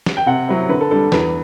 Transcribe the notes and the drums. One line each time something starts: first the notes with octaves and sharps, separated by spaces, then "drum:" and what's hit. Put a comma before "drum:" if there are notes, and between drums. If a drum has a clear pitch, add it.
drum: snare
G5
C3 F#5
F#3 C4 E4
D3 B4
A4
G3 D4 A4
E2 B4, drum: snare